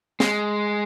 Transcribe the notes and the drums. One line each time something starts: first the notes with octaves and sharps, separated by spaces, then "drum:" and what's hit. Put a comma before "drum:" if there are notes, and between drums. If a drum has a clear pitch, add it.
G#3, drum: snare